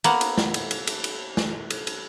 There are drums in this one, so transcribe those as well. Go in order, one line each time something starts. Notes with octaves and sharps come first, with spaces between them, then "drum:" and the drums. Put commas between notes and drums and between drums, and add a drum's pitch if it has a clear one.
A#3 B3 F#5, drum: cymbal
drum: cymbal
drum: snare
drum: cymbal
drum: cymbal
drum: cymbal
drum: cymbal
drum: snare
drum: cymbal
drum: cymbal